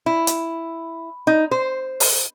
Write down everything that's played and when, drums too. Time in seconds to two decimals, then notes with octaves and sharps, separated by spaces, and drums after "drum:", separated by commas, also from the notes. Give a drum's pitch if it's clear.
0.06 E4
0.27 drum: hi-hat
1.27 D#4
1.51 C5
2.00 drum: open hi-hat